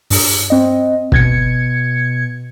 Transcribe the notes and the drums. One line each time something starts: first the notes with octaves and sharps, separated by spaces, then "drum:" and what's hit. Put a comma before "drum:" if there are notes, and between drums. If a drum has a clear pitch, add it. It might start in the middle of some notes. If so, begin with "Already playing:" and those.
G2, drum: open hi-hat
C4 D#5
B2 G#6 C#7, drum: kick